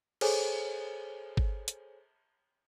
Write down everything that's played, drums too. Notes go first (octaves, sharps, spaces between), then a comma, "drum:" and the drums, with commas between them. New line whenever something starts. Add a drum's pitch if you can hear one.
G#4 A4 C5 C#5 G#5, drum: cymbal
drum: kick G1
drum: hi-hat